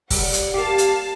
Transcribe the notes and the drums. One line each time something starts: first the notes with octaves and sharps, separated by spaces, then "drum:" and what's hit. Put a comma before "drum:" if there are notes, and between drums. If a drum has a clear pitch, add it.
G3 F#5, drum: kick, open hi-hat
drum: hi-hat
A#3 G4 F5 A5
drum: hi-hat